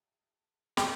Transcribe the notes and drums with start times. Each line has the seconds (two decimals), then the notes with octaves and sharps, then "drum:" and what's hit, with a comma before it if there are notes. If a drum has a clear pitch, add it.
0.77 G5, drum: snare